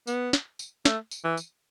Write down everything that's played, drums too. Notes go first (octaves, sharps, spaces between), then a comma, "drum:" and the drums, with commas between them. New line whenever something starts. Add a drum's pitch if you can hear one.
B3, drum: tambourine
drum: snare
drum: tambourine
A3, drum: snare
drum: tambourine
E3
drum: tambourine